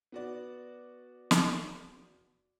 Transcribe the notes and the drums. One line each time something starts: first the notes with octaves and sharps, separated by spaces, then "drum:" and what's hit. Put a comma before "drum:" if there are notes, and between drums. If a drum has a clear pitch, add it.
B3 F#4 D5
drum: snare